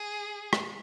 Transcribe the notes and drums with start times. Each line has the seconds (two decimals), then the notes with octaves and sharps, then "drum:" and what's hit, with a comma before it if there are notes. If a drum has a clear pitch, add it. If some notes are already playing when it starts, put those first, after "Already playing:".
Already playing: G#4
0.53 drum: rim click